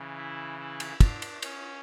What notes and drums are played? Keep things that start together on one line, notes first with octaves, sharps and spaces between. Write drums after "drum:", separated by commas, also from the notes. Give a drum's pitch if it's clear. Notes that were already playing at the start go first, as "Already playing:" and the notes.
Already playing: C#3 E3
E4
E4
drum: cymbal
D4, drum: kick, cymbal
drum: cymbal
C#4, drum: cymbal